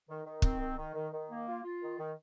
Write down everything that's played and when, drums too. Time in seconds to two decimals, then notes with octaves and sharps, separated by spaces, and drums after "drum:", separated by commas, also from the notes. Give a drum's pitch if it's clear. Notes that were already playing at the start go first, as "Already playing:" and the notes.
0.09 D#3
0.26 D#3
0.42 C4, drum: kick
0.60 D#3
0.77 D#3
0.95 D#3
1.12 D#3
1.30 A#3
1.48 F4
1.64 F4
1.82 D#3
1.99 D#3